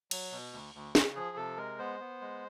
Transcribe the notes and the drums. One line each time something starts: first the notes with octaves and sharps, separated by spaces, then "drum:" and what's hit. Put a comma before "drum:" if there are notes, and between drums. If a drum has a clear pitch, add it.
F#3, drum: cymbal
B2
D2
D2
C#3, drum: snare
F3 G#4
C3 A4
G#3 A#4
B3 C5
B3
G#3